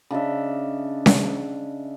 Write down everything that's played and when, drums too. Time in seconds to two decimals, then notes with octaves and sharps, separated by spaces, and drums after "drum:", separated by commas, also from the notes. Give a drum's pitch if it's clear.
0.11 C#3 D4 D#5 E5
1.06 drum: snare C#4